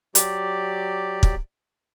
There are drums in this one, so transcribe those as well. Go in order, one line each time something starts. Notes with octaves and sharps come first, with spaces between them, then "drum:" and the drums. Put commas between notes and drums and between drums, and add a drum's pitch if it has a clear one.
F#3 G4 D5, drum: hi-hat
drum: kick